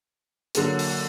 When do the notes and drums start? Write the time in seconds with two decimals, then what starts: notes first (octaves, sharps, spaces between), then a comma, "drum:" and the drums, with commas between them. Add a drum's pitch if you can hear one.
0.55 D3 F#3 A#3, drum: hi-hat
0.79 drum: open hi-hat